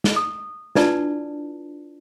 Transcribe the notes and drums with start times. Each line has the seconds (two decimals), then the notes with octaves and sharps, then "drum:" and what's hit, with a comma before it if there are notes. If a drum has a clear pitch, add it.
0.04 drum: snare
0.16 D#6
0.75 D4 E4 F4 B4 D5 A5, drum: snare